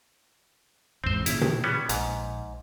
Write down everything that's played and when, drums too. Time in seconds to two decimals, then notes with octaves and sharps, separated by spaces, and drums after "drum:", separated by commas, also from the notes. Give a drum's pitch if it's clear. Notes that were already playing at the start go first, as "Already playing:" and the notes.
1.04 G#1 E2 G#2 C4 C5
1.26 A#2 C#3 E4, drum: hi-hat
1.41 drum: tom
1.64 G3 B3 C#4
1.89 A#1 G#2, drum: hi-hat